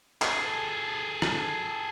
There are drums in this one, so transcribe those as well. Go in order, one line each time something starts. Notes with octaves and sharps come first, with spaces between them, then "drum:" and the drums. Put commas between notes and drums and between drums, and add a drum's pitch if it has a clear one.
G#4 A4, drum: clap
drum: rim click